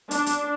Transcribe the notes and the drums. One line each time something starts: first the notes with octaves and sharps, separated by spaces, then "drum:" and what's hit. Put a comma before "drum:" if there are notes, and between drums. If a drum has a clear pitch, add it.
D4, drum: hi-hat
drum: hi-hat